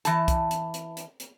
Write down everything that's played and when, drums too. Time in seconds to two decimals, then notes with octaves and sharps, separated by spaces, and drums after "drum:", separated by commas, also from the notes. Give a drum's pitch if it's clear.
0.05 E3 A5, drum: hi-hat
0.28 drum: kick, hi-hat
0.51 drum: hi-hat
0.74 drum: hi-hat
0.97 drum: hi-hat
1.20 drum: hi-hat